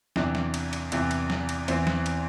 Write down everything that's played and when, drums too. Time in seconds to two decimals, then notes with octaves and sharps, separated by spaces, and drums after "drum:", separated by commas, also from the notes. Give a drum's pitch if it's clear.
0.16 E2 C3 E3 D4, drum: snare
0.35 drum: snare
0.54 drum: cymbal
0.73 drum: cymbal
0.92 E2 C3 E3, drum: cymbal
1.11 drum: cymbal
1.30 drum: snare
1.49 drum: cymbal
1.68 E2 E3 C4, drum: cymbal
1.87 drum: snare
2.06 drum: cymbal